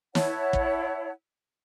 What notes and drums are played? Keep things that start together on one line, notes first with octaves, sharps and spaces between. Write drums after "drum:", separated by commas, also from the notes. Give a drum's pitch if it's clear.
E4 C#5 F#5 A5, drum: snare
drum: kick